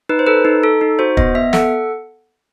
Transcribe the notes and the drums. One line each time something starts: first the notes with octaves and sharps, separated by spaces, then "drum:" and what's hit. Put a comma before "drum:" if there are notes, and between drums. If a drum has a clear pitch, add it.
D#4 B4
C5
A4 B4
D#4
A4
D#4
F#4 C5
B3 D#5, drum: kick
B3 E5
A4 F#5, drum: snare